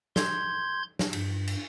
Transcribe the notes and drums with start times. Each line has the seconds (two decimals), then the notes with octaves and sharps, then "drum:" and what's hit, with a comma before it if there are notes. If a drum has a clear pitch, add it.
0.16 C6 G6 G#6, drum: snare
0.99 drum: snare
1.13 G2, drum: cymbal
1.47 drum: cymbal